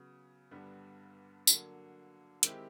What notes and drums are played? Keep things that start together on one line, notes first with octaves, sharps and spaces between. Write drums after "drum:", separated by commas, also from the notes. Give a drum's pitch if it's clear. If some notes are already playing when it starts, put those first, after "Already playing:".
Already playing: C#3 F#3 B3
G2 D3 G3 B3
D3 F#3 A#3, drum: tambourine
D#3 G#3 C4 E4 G4, drum: hi-hat